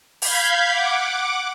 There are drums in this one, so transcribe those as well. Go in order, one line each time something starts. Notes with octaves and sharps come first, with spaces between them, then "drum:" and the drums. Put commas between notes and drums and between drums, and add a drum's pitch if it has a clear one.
F5 B5 G6 G#6 B6, drum: open hi-hat
F#5 D6